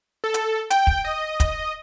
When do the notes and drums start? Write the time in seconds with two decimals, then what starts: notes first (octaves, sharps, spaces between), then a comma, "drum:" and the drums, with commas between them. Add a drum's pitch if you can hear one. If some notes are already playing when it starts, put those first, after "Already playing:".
0.24 A4
0.34 drum: hi-hat
0.70 G5, drum: hi-hat
0.87 drum: kick
1.05 D#5
1.40 drum: kick, hi-hat